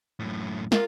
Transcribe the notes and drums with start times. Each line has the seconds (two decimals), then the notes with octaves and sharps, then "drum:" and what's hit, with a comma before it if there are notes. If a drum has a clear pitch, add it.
0.20 F#2 A2
0.72 F4 A#4, drum: snare